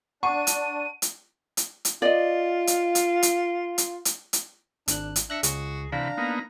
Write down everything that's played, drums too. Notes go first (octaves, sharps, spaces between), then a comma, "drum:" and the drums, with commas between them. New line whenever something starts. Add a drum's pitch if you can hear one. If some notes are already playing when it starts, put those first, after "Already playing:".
D4 F#5 C#6 D6 D#7
drum: hi-hat
drum: hi-hat
drum: hi-hat
drum: hi-hat
F4 D5 D#5
drum: hi-hat
drum: hi-hat
drum: hi-hat
drum: hi-hat
drum: hi-hat
drum: hi-hat
G#1 D4 F#6, drum: hi-hat
drum: hi-hat
D4 E5 F#6 A#6 C#7
C#2 F#4 G#4, drum: hi-hat
C3 E3 D4 F5 A#5 B5
A#3 B3 D#4